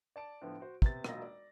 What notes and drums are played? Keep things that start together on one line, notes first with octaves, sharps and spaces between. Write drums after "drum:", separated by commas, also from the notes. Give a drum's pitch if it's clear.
D5 A5 D7
A2 D3 F3 B3
F#4 C5
C3 B3 A6, drum: kick
E1 B1 A#3 F4 D#5 A#6, drum: rim click
D5